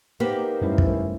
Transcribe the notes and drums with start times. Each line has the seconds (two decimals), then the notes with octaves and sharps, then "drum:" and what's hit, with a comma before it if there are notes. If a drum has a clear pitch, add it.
0.20 A#3 B3 D#4 G4 A#4 C5
0.61 F#2 G3 A3 C#4 E4
0.78 drum: kick